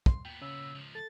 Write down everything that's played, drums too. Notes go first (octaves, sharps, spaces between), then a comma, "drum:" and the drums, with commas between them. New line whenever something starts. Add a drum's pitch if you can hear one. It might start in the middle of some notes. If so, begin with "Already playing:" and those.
C6, drum: kick
A#2 B3 G5
C#3 E6
C#2 F3
A4 A6